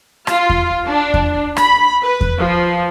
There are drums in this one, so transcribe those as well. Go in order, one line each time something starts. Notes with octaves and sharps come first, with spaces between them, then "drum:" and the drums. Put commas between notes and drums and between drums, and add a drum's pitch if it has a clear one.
F4, drum: rim click
drum: kick E2
D4
drum: kick E2
B5, drum: rim click
B4
drum: kick E2
F3